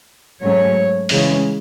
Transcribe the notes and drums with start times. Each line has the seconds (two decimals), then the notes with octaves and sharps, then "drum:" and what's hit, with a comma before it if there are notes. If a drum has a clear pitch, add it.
0.41 G#2 F#3 A3 C#4 C#5
1.09 C#3 E3 G#3 C#4, drum: open hi-hat